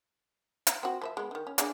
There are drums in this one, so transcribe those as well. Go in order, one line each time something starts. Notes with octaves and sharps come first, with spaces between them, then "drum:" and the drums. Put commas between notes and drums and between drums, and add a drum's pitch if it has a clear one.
drum: hi-hat
C4 F#4
F3 C5 E5
G#3 B3
D3 D#3
C#4
D4 G#4 D5, drum: hi-hat